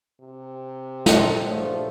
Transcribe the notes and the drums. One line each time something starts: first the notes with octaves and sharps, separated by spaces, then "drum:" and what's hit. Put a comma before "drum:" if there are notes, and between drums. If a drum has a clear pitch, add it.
C3
G#3 C4 A4, drum: snare
A#1 G2 F3 F#3 A3 C5